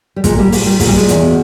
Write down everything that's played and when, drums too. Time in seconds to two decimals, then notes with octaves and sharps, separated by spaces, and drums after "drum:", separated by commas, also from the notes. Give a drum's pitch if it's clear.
0.16 G3
0.24 A#2 G#3, drum: kick, hi-hat
0.38 A#2 G3 A#3
0.52 A#2, drum: open hi-hat
0.66 A#2 G3
0.80 A#2 G#3, drum: kick, open hi-hat
0.88 G3
0.95 A#2 G#3
1.09 E2, drum: hi-hat
1.22 B2